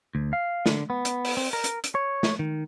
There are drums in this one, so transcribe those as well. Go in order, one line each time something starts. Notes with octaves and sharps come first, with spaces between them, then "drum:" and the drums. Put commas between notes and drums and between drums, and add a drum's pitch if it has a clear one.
D2
F5
D3, drum: snare
B3
drum: hi-hat
drum: open hi-hat
C4
A#4
drum: hi-hat
drum: hi-hat
C#5
drum: snare
D#3